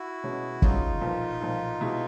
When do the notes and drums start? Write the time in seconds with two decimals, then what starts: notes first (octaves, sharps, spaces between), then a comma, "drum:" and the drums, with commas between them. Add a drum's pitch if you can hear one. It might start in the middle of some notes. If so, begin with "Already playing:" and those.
Already playing: E4 F#4
0.23 B2 G#3 C#4
0.62 B2 G#3 C#4 D#4 F4, drum: kick
1.01 B1 A#2 F3
1.41 B1 A#2 F3
1.80 B2 G#3 B3 E4